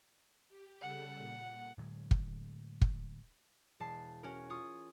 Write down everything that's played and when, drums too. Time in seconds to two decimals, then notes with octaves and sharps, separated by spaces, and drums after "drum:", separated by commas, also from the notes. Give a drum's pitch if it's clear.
0.49 G4
0.82 C#3 G3 A4 F#5
1.17 A#2
1.78 A2 D3 F#3 G#3
2.11 drum: kick
2.81 drum: kick
3.80 E1 A5 C7
4.23 C#4 F#4 A#4
4.50 F4 C#6 D#6